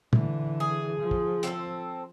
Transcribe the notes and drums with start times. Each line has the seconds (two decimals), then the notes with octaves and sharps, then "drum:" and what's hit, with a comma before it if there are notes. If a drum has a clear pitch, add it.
0.13 D3 E3, drum: tom
0.60 G#4
1.00 F3
1.11 drum: kick
1.43 C4 A4, drum: hi-hat